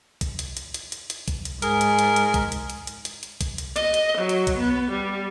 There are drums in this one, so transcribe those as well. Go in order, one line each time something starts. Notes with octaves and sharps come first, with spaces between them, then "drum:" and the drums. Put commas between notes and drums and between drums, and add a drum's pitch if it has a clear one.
drum: kick A#1, hi-hat
drum: hi-hat
drum: hi-hat
drum: hi-hat
drum: hi-hat
drum: hi-hat
drum: kick A#1, hi-hat
drum: hi-hat
G#2 G#4 A#4, drum: hi-hat
drum: hi-hat
drum: hi-hat
drum: hi-hat
drum: kick A#1, hi-hat
drum: hi-hat
drum: hi-hat
drum: hi-hat
drum: hi-hat
drum: hi-hat
drum: kick A#1, hi-hat
drum: hi-hat
D#5, drum: hi-hat
drum: hi-hat
F#3
drum: hi-hat
drum: kick A#1, hi-hat
B3
G3